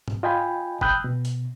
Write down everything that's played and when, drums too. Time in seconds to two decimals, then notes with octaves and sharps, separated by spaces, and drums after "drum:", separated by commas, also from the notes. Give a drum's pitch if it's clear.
0.08 drum: tom G#2
0.23 F4 D#5 G5 G#5 B5
0.81 G5 B5 D#6 E6 F#6 G6, drum: kick
1.04 B2
1.25 drum: hi-hat